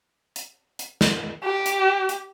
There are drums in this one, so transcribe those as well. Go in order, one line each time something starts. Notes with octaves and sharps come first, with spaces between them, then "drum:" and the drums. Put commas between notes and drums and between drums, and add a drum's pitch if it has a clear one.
drum: hi-hat
drum: hi-hat
drum: snare
G4
drum: hi-hat
drum: hi-hat